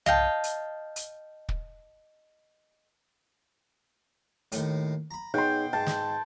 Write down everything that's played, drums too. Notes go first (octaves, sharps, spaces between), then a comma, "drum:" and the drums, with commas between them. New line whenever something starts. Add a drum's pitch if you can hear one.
D#5 F5 G5 A5, drum: tom B1
drum: hi-hat
drum: hi-hat
drum: kick
D#2 A2, drum: hi-hat
A#5 B5
B2 D#4 G#4 C#5 G5 C6
G#2 G5 A5
drum: snare